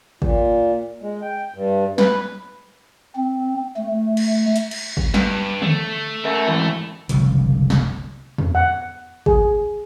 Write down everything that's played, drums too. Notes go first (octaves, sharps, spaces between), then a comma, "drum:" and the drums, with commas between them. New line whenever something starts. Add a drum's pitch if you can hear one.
A#2, drum: kick
G#3
G5
G2
B4, drum: snare
C4
A3
drum: cymbal
drum: hi-hat
drum: cymbal
drum: kick
G2, drum: snare
A3, drum: tom D3
A#4 E5
G#2 E3
F#1 C2 D3 F3, drum: hi-hat
drum: snare
drum: tom E2
F#5
G#4, drum: kick